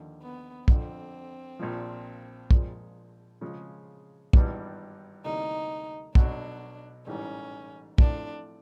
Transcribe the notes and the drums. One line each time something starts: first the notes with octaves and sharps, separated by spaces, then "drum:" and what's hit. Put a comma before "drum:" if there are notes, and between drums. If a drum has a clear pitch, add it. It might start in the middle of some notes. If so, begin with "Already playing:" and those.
Already playing: D#2 D3 F3
B3
F2 D3 F3 C4, drum: kick
A#1 A#2 F3
A#1 A#2 F3 G#3, drum: kick
C#3 F3 G#3
G#1 G2 E3 G3 B3, drum: kick
D2 C3 E3 G3 A#3 D#4
B1 B2 F#3 D4, drum: kick
A1 G#2 E3 G3 C#4
A2 F3 A3 C4 D4 F4, drum: kick